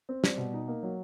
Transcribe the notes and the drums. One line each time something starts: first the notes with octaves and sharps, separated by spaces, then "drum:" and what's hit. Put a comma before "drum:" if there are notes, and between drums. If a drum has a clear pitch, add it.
C4
G3, drum: snare
B2
D#4
A#3
F#3